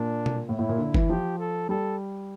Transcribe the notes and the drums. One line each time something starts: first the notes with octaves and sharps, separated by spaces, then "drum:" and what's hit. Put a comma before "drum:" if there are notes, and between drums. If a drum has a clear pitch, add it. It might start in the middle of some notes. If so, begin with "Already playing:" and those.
Already playing: A#2 D4
drum: tom B2
A2 E4
A2
A#2
D3
E3, drum: kick
F3 G4
A4
G3 A4